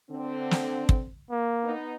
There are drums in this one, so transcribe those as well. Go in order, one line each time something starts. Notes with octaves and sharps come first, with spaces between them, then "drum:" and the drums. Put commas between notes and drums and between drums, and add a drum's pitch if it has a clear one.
D3 C4
drum: snare
drum: kick
A#3
B3 D#4